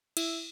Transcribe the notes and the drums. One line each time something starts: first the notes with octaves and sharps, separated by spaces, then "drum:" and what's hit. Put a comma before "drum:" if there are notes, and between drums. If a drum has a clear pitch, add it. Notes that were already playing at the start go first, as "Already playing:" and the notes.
E4, drum: cymbal